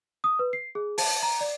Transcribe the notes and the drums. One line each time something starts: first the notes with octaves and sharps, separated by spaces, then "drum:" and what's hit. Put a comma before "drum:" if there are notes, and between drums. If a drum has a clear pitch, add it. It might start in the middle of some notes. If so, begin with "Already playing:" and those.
D#6
B4
C7
G#4
A5, drum: open hi-hat
A#5
D5